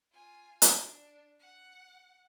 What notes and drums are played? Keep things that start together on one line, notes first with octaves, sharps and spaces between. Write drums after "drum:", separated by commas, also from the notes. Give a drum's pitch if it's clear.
F4 G#5
drum: hi-hat
D4
F#5